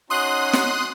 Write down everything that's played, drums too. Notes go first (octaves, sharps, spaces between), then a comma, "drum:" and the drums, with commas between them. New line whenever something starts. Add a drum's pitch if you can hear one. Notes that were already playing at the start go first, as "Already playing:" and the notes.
C#4 D#4 F#4 C6 D#6 F#6
drum: snare